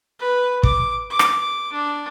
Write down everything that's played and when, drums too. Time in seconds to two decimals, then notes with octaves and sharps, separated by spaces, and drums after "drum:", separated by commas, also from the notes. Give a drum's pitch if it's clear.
0.19 B4
0.63 D6, drum: kick
1.10 D6
1.19 drum: rim click
1.72 D4